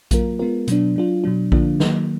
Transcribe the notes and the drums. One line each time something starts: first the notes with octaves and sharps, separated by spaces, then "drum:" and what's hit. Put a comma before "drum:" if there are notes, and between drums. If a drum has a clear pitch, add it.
F#3 A#3 F4 A#4, drum: kick A#1, hi-hat
G#3 B3 F4 A#4
B2 F#3 B3 D4, drum: hi-hat
F#3 D4 F4
B2 F#3 D4
D3 F3 A#3 D4 F4, drum: kick A#1
D#3 F#3 A#3, drum: snare